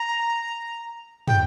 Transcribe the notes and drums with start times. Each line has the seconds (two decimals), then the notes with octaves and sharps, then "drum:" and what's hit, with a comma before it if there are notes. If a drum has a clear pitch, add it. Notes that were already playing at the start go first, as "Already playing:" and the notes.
Already playing: A#5
1.28 G5, drum: tom